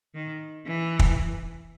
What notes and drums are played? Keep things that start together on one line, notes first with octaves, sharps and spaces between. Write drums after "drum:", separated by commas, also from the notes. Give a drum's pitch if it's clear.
D#3
E3
drum: kick